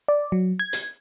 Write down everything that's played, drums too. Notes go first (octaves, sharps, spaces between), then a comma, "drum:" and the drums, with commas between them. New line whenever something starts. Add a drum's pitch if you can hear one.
D5
F#3
G#6
drum: hi-hat